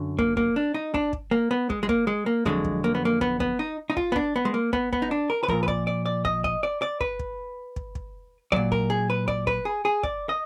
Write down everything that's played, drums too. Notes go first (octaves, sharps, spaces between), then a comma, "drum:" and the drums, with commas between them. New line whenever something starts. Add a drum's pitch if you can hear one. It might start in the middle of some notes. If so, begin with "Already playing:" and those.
Already playing: F#2 D3 F#3
A#3, drum: kick
A#3, drum: kick
D4
D#4
D4, drum: kick
drum: kick
A#3
B3
G#3, drum: kick
G#3
A#3, drum: kick
G#3
A#3
F2 D3 F#3 G#3, drum: kick
drum: kick
A#3
B3
A#3
B3, drum: kick
B3, drum: kick
D#4
D#4
F4, drum: kick
B3
D4, drum: kick
B3
G#3
A#3
B3, drum: kick
B3, drum: kick
D#4
D4
A#4
B4
A#2 F3 A#4, drum: kick
B4
D5, drum: kick
D5
D5
D#5, drum: kick
D#5, drum: kick
D5
D5
B4, drum: kick
drum: kick
drum: kick
drum: kick
A#2 F#3 D5, drum: kick
A#4, drum: kick
G#4
B4
D5, drum: kick
B4, drum: kick
G#4
G#4
D5, drum: kick
D#5